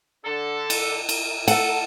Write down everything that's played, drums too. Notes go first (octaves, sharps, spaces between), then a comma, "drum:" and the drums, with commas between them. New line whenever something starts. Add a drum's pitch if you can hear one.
D3 A4
drum: cymbal
drum: cymbal
A4 F#5, drum: cymbal